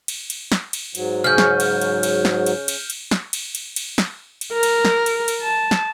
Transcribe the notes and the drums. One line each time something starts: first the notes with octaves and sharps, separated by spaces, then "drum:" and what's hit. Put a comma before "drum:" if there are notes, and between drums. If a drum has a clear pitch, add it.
drum: cymbal
drum: cymbal
drum: snare
drum: cymbal
G#2 F#3, drum: cymbal
C#3 C#4 F6 G6
drum: snare
drum: cymbal
drum: cymbal
drum: cymbal
drum: snare
drum: cymbal
drum: cymbal
drum: cymbal
drum: snare
drum: cymbal
drum: cymbal
drum: cymbal
drum: snare
drum: cymbal
A#4
drum: cymbal
drum: snare
drum: cymbal
drum: cymbal
A5
drum: snare